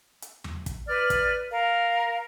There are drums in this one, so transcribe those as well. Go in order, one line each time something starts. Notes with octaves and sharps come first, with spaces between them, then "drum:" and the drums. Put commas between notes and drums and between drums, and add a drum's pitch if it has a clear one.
drum: hi-hat
drum: tom E2
drum: kick, hi-hat
B4 D5 F6
drum: kick, hi-hat
A#4 F5